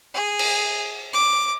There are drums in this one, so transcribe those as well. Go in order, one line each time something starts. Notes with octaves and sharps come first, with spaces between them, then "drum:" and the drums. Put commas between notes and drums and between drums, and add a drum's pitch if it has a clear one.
G#4
drum: cymbal
D6